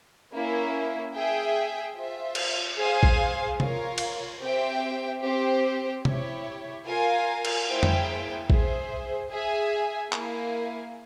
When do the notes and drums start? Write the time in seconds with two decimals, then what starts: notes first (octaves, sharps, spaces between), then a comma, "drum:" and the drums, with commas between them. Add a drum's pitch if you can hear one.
0.33 A#3 C#4 E4 A#4
1.15 G#4 E5 G5
1.96 F4 C5 E5
2.35 drum: cymbal
2.78 G#4 C5 F5 G#5
3.03 drum: kick A#1
3.60 F4 A#4 C#5 F5, drum: tom C3
3.98 drum: cymbal
4.41 C4 G4 C5 E5 G5
5.23 C4 G4 C5
6.05 E4 G4 C#5, drum: tom C3
6.86 F4 A#4 F5 G#5
7.45 drum: cymbal
7.67 A#3 E4 G#4 C5 G5
7.83 drum: tom F2
8.50 G#4 C5 E5, drum: kick A#1
9.31 G#4 E5 G#5
10.13 A#3 E4 A#4 F5 G#5, drum: clap